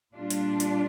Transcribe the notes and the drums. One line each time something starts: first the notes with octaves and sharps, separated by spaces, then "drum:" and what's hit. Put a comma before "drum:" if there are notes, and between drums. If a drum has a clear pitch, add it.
A#2 G3 D4 F4
drum: hi-hat
drum: hi-hat